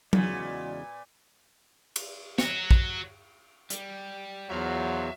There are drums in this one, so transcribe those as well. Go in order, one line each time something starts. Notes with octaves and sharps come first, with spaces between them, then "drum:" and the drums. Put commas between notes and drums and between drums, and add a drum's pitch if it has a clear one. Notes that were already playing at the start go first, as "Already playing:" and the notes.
E2 A#2 C#3 G#3 B3 F#4 D5, drum: tom F#3
drum: cymbal
F#4 C#5, drum: snare
drum: kick
G3, drum: hi-hat
E2 F#3 F4 F#4 C5 E5 F5